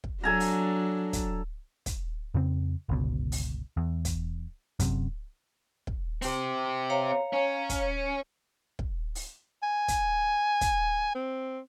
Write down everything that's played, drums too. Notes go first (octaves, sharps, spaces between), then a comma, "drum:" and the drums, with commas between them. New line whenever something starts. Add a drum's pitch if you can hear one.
drum: kick
F#3 D4 A4 G#5 A#5
drum: open hi-hat
drum: kick, hi-hat
drum: kick, hi-hat
F2 C#3 C4
G1 C#2 B2
drum: open hi-hat
E2
drum: kick, hi-hat
F#2 C3, drum: kick, hi-hat
drum: kick
C4 G4, drum: open hi-hat
C#5 F5 A#5
C#4
drum: kick, hi-hat
drum: kick
drum: open hi-hat
G#5
drum: kick, hi-hat
drum: kick, hi-hat
C4